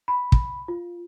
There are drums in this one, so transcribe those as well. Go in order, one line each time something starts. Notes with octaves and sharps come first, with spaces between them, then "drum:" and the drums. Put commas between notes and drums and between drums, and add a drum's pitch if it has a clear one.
B5
drum: kick
F4